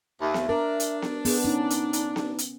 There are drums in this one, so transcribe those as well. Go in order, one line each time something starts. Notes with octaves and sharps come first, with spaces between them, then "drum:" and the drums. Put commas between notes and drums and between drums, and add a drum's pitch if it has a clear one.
D#2 E5
drum: snare B3
D4 A#4
drum: hi-hat
drum: snare B3
B3 G#4, drum: open hi-hat
C#4 D#4
drum: hi-hat
drum: hi-hat
drum: snare B3
drum: hi-hat